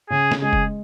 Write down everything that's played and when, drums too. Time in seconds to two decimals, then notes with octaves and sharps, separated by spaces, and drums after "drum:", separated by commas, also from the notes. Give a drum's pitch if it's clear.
0.10 C#3 G#4
0.31 drum: snare
0.42 G#3 G#4
0.53 drum: kick F1